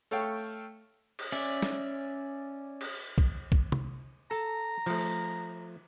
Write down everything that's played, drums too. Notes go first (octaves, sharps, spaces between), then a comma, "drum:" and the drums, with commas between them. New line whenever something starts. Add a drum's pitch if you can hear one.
A3 A4 C#5 F5 G5
drum: cymbal
C#4 D5 E5
drum: snare
drum: cymbal
drum: kick
drum: kick
drum: tom C3
A4 A5 A#5
F3 A3, drum: cymbal